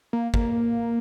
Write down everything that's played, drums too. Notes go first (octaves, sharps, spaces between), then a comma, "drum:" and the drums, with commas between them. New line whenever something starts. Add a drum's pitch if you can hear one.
A#3
A#3, drum: kick